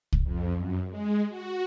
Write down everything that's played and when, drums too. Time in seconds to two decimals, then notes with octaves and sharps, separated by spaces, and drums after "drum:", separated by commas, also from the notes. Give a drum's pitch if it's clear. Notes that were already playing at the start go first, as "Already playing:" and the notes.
0.13 drum: kick C2
0.24 F2
0.57 F#2
0.90 G#3
1.29 F#4